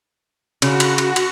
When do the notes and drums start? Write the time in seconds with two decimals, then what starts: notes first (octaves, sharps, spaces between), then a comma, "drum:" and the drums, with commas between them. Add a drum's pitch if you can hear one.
0.62 C#3 F#4, drum: cymbal
0.80 drum: cymbal
0.98 drum: cymbal
1.16 drum: cymbal